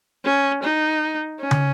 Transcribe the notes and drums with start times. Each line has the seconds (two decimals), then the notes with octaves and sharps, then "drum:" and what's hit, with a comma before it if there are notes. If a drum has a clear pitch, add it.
0.25 C#4
0.63 D#4
1.41 C#4
1.51 drum: tom